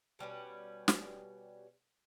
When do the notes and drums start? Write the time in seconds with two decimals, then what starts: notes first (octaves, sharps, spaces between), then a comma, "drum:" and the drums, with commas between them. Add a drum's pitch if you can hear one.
0.19 B2 G3 C#4 B4
0.88 drum: snare